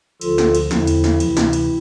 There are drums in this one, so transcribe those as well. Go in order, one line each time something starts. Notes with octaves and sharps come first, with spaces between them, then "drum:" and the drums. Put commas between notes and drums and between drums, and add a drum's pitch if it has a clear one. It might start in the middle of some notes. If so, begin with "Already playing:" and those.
D2 D3 F3 F4 A4, drum: cymbal
drum: snare
drum: cymbal
E2 D3 F3 C4 E4, drum: snare
drum: cymbal
drum: snare
D2 C3 E3, drum: cymbal
drum: snare
drum: cymbal